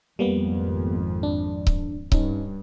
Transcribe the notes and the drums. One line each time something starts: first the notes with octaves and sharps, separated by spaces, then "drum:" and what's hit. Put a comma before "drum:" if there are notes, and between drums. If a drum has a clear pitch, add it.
G#1 F2 G3 A#3 B3
D4
drum: kick C#1
G2 C#4 D#4, drum: kick C#1